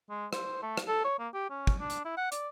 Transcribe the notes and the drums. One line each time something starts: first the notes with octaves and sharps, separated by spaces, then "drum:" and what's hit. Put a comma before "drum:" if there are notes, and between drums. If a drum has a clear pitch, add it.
G#3
C5, drum: rim click
A3
drum: rim click
A4
C#5
A#3
G4
C#4
drum: kick
D4
drum: hi-hat
E4
F#5
D5, drum: hi-hat